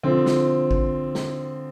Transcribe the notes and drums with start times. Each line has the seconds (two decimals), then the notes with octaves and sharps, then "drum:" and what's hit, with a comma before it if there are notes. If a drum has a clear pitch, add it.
0.03 D3 F3 C4
0.26 drum: snare
0.71 drum: kick
1.15 drum: snare